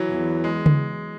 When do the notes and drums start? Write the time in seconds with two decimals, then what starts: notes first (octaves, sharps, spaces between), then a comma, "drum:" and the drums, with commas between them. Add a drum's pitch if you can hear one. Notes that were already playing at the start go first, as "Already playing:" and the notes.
Already playing: E3 F#3
0.10 E2
0.44 G#3
0.66 drum: tom C#3